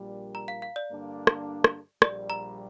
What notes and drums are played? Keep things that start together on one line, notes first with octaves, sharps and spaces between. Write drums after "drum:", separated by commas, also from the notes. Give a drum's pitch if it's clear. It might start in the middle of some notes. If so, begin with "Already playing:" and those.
Already playing: A#1 A#2 G3 D4 A#4
A#5
F5
F5
D5
G2 D3 A#3 D4
drum: rim click
drum: rim click
A#1 A#2 G3 D5, drum: rim click
A#5